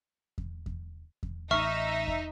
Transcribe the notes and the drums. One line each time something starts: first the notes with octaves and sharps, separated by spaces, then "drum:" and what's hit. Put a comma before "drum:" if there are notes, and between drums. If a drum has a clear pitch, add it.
drum: kick E2
drum: kick E2
drum: kick E2
A1 D#4 E5 C#6 F6
drum: kick E2